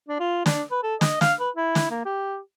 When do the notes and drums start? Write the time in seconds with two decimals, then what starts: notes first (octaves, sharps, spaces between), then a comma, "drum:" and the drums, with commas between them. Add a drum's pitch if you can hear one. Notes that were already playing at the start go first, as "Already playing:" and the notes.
0.09 D4
0.20 F4
0.46 D4, drum: snare
0.71 B4
0.83 A4
1.01 D#5, drum: snare
1.21 F5, drum: snare
1.40 B4
1.56 E4
1.75 drum: snare
1.91 A#3
2.05 G4